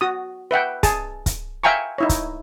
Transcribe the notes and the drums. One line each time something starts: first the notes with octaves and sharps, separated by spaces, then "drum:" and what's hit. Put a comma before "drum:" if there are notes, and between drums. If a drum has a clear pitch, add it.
F#4 D#6
B4 E5 F#5 G5
G#4 A5, drum: kick, hi-hat
drum: kick, hi-hat
E5 F5 G5 G#5 A#5 C#6
D#4 E4 C#5
drum: kick, hi-hat